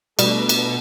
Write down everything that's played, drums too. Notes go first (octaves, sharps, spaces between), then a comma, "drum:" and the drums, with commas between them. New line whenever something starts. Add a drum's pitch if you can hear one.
B2 G3 A3 D4, drum: cymbal
drum: cymbal